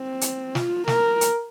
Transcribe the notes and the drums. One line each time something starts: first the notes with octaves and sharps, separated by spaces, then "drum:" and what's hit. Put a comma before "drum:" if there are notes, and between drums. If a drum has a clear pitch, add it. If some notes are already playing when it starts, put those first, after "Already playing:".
Already playing: C4
drum: hi-hat
F4, drum: snare
A#4, drum: snare
drum: hi-hat